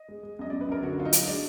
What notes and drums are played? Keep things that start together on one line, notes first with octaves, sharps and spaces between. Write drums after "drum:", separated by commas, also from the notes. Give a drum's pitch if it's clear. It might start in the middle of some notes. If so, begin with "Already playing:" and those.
Already playing: D#5
G#3
G#3
F#2 D#5
F#2 D5
B4
F#2 A#4
D3 F#4
F#3 F4
D#4
F#3, drum: hi-hat
G#3 D4